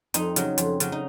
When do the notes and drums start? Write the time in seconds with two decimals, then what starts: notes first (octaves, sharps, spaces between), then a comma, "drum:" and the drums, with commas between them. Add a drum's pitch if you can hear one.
0.14 F2 D#4, drum: hi-hat
0.36 C#3 F#3, drum: hi-hat
0.58 F2, drum: hi-hat
0.80 C#3 F#3, drum: hi-hat
0.92 D#4